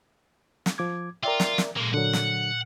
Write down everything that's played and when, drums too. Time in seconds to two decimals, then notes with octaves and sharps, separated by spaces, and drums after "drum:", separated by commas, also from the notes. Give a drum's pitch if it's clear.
0.66 drum: snare
0.78 F3 D6 G#6
1.23 F4 A#4 D5 E5 G5
1.40 drum: snare
1.58 drum: snare
1.76 A#2 G#3 A#3
1.94 D3 F#3 F#5
2.13 drum: snare